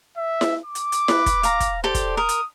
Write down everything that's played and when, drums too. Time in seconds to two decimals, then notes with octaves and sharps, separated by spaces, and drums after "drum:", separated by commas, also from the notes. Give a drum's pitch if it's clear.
0.17 E5
0.41 drum: snare E4
0.66 D6
0.75 drum: hi-hat
0.92 drum: hi-hat
1.08 B4, drum: snare E4
1.26 drum: kick, hi-hat
1.43 F5 A#5, drum: hi-hat
1.60 drum: kick, hi-hat
1.84 G4 A4 C5 D5
1.95 drum: kick, hi-hat
2.17 A#4 D#6
2.29 drum: hi-hat